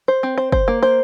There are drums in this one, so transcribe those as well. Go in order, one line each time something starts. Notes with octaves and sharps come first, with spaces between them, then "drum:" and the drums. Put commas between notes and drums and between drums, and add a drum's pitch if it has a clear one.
C5
C4
C5
C5, drum: kick
A#3
C5